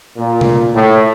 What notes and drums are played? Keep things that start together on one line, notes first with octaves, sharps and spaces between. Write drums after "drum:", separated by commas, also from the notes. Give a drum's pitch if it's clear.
A#2
drum: tom C3
A2